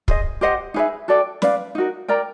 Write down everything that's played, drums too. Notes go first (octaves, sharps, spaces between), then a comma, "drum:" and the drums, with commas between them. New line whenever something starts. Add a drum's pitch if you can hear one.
G#4 C5 D#5, drum: kick
G4 C5 D#5 F#5
D#4 G#4 B4 E5
F#4 A4 D5 G5
B4 D5 F5, drum: snare
D#4 F#4 A#4
A#4 D5 G5 A#5